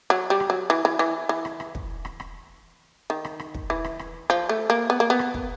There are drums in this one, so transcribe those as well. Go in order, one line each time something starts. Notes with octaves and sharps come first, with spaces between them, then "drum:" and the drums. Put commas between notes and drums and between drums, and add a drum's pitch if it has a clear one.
F#3
G3
drum: rim click
F#3
E3
E3
E3
E3
drum: rim click
drum: rim click
drum: kick
drum: rim click
drum: rim click
D#3
drum: rim click
drum: rim click
drum: kick
E3
drum: rim click
drum: rim click
F3
A3
A#3
B3
A#3
B3
drum: rim click
drum: kick